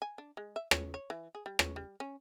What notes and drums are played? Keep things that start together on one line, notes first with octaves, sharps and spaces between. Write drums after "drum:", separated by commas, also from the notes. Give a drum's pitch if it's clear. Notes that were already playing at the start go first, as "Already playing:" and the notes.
G#5
D4
G#3
E5
C#5, drum: rim click
C#5
E3
G#4
G3
C#5, drum: rim click
G3
C#4